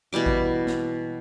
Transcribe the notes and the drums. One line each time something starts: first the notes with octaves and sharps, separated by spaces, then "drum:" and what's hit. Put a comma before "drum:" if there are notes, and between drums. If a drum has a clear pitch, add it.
B2 E3 G3 D6
drum: kick G#1
drum: snare